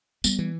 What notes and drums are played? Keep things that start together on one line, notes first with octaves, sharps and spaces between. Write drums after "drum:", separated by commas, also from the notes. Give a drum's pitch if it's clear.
G3 B3, drum: tambourine
E3